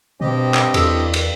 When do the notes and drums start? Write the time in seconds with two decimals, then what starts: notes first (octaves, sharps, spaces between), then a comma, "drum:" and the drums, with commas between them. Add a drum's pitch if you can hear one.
0.21 G2 B2 C4 G4 D#5
0.54 drum: clap
0.74 E2 F#4 A4 E6, drum: cymbal
1.14 drum: cymbal